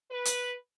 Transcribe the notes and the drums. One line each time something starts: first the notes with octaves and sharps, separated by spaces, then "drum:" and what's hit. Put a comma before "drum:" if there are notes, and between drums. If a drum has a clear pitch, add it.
B4
drum: hi-hat